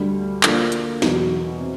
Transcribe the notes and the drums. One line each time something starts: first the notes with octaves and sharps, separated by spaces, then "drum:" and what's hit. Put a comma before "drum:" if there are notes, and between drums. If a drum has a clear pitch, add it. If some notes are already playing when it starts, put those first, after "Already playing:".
Already playing: D2 D3 G3
D3 F3 A#3 D4, drum: clap
drum: hi-hat
E2 B2 F#3, drum: snare
C3